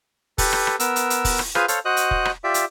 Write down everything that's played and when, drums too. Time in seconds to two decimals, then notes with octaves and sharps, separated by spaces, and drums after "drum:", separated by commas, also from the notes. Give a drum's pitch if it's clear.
0.38 G4 A4 B4, drum: kick, open hi-hat
0.53 drum: rim click
0.67 drum: rim click
0.80 B3 A#4 E6, drum: hi-hat
0.96 drum: hi-hat
1.10 drum: hi-hat
1.25 drum: kick, open hi-hat
1.39 drum: rim click
1.55 F4 G#4 B4 C5 F5 G#5, drum: rim click
1.68 A4 C5 C#5 F5, drum: hi-hat
1.85 F#4 C5 D#5 D#6 F#6
1.97 drum: hi-hat
2.11 drum: kick
2.25 drum: rim click
2.44 F4 G4 D5 E5
2.54 drum: hi-hat